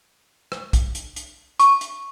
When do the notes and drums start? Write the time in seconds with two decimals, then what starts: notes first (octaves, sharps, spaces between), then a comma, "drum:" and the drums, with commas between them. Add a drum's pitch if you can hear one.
0.52 drum: rim click
0.73 drum: kick B1, hi-hat
0.95 drum: hi-hat
1.16 drum: hi-hat
1.60 C#6, drum: hi-hat
1.81 drum: hi-hat